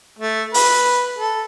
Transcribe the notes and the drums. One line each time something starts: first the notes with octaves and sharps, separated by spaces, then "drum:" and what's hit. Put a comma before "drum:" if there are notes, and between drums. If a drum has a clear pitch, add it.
A3
B4, drum: open hi-hat
A4